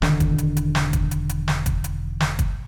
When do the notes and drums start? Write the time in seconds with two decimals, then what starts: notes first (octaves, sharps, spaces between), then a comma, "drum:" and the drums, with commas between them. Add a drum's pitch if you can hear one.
0.02 E1 D3 D#3 D4, drum: snare
0.20 drum: kick, hi-hat
0.38 drum: hi-hat
0.57 drum: hi-hat
0.75 drum: snare
0.93 drum: kick, hi-hat
1.11 drum: hi-hat
1.29 drum: hi-hat
1.48 drum: snare
1.66 drum: kick, hi-hat
1.84 drum: hi-hat
2.20 drum: snare
2.39 drum: kick, hi-hat